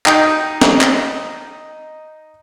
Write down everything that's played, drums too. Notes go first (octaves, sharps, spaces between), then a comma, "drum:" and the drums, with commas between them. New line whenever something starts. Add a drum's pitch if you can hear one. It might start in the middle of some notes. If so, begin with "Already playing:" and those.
D#4 G5, drum: clap
drum: snare
drum: clap